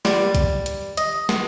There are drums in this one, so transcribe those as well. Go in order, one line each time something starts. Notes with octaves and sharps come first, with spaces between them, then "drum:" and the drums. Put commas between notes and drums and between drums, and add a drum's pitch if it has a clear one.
G3, drum: snare
drum: kick, hi-hat
drum: hi-hat
D#5, drum: hi-hat
drum: snare